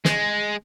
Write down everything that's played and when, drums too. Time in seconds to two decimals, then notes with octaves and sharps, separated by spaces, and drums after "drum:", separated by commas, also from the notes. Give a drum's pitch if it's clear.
0.05 G#3, drum: snare